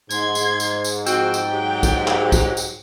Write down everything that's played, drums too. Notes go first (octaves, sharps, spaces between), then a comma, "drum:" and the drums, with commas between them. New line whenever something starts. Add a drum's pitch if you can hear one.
G#2 C6 G#6, drum: tambourine
drum: tambourine
drum: tambourine
drum: tambourine
F3 C4 F#4 G5, drum: tambourine
drum: tambourine
F#3 G4
drum: kick B1, tambourine
drum: clap
drum: kick B1, tambourine
drum: tambourine